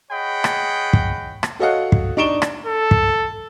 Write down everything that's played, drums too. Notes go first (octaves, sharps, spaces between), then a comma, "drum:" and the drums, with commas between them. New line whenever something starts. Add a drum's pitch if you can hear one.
G#4 C#5 D#5 F#5 G5 B5
drum: rim click
drum: kick
drum: rim click
F#4 A4 C#5 D#5 F5 F#5
drum: kick
D4 D#4 C#6 D7 E7 G7
drum: rim click
A4
drum: kick